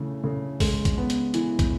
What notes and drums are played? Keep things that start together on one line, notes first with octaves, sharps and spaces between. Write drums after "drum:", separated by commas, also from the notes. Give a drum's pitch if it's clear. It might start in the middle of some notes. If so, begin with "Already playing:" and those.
Already playing: C#3 E3 A3
C#3
G#3, drum: kick, open hi-hat
drum: kick, hi-hat
B3
drum: hi-hat
E3, drum: hi-hat
drum: kick, hi-hat